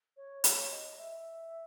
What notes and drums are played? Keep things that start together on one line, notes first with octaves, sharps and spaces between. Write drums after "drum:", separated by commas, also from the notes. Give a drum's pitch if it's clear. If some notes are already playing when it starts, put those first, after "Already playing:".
C#5
C#5, drum: hi-hat
D#5
E5